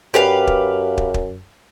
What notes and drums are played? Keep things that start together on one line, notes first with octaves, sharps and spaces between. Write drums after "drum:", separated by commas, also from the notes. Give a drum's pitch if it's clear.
F#2 G4 B4 F5
drum: kick
drum: kick
drum: kick